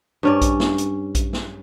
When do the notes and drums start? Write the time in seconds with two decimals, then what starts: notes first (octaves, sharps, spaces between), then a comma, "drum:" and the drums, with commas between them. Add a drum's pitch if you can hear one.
0.23 G2 C#4 D5
0.41 drum: kick A#1, hi-hat
0.60 drum: snare
0.78 drum: hi-hat
1.15 drum: kick A#1, hi-hat
1.33 drum: snare